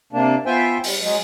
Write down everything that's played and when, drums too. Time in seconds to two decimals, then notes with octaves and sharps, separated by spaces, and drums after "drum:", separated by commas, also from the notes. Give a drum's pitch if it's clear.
0.13 C3 A#3 D4
0.46 B3 F4 C5 E5 G5 G#5
0.84 G3, drum: open hi-hat
1.01 F#3 G#3